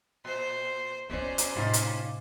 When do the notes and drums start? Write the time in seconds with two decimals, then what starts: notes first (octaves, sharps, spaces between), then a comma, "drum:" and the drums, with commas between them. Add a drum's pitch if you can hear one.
0.25 A#2 C5 C6
1.10 A#2 B3 C#4 F4 C5 D5
1.38 drum: hi-hat
1.56 A2 C3 D#4 F4 G4
1.73 drum: hi-hat